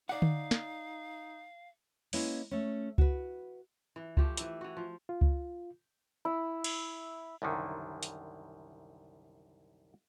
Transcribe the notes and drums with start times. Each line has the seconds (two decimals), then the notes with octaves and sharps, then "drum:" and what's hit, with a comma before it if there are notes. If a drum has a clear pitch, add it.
0.09 D#4 D5 F5 F#5
0.22 drum: tom D3
0.51 drum: snare
2.13 G#3 A#3 C#4 E4 B4, drum: open hi-hat
2.51 A3 C#4
2.98 F#4 B4, drum: kick C#2
3.96 E3
4.17 F3 A3 G4, drum: kick C#2
4.37 E3 E4, drum: hi-hat
4.61 E3 F#4
4.77 F3
5.09 F4
5.21 drum: kick C#2
6.25 E4
6.64 drum: cymbal
7.42 C2 F#2 D3 D#3
8.03 drum: hi-hat